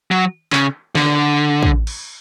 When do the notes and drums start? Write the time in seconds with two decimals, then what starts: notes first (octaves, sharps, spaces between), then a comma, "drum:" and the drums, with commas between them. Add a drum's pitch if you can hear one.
0.11 F#3
0.53 C#3, drum: clap
0.95 D3, drum: snare
1.63 drum: kick
1.87 drum: cymbal